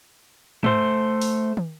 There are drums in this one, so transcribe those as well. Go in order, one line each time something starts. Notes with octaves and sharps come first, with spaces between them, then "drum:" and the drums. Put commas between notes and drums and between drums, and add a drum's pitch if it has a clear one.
A3 C5, drum: tom G#2
drum: open hi-hat
drum: tom